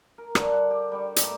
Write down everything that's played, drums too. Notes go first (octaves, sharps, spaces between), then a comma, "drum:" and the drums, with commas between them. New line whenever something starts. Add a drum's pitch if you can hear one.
A#4
G2 D3, drum: rim click
F#5
G4
G3 G5 C#6
G2 A3 D#4 G5, drum: hi-hat